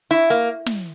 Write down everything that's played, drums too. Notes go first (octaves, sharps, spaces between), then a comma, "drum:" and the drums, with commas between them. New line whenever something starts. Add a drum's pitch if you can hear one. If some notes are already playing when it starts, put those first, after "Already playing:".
E4
A#3
drum: snare